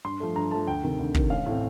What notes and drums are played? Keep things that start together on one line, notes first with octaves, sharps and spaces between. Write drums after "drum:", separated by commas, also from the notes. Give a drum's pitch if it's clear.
G2 C6
F3 A3
G2 A#5
F3 A3 A5
D2 G5
C3 D#3
D2
C3 D#3, drum: kick
A1 F5
A2 A3 C4